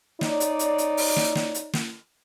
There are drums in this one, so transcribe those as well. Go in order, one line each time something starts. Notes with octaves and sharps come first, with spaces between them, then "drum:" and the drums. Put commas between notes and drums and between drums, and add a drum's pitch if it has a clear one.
D#4 C#5 D5, drum: snare
drum: hi-hat
drum: hi-hat
drum: hi-hat
drum: open hi-hat
drum: snare
drum: snare
drum: hi-hat
drum: snare